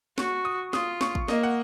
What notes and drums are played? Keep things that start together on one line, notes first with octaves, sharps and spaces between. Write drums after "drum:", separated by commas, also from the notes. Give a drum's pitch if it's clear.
F#4 C#6, drum: snare
D#6
F4 D#6, drum: snare
C#6, drum: snare
drum: kick G#1
A#3 D#5, drum: snare
F#5